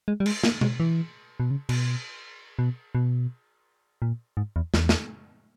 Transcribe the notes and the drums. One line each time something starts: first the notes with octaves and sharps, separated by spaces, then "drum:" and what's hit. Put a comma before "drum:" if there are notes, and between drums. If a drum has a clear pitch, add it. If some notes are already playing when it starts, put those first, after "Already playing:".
G#3
G3
G#3, drum: cymbal
A#3, drum: snare
G#3, drum: tom B2
E3
B2
C#3
B2, drum: cymbal
B2
B2
A#2
G#2
E2
E2, drum: snare
drum: snare